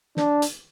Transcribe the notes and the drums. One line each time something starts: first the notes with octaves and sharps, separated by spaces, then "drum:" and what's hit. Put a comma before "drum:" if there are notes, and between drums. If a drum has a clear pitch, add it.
D4, drum: snare
drum: hi-hat